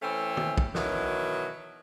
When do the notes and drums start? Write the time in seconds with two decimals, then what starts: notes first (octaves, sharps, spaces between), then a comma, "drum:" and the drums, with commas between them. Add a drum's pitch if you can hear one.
0.02 E3 A3 C4 C#4
0.37 drum: tom
0.58 drum: kick
0.75 B2 D#3 E3 F#3, drum: snare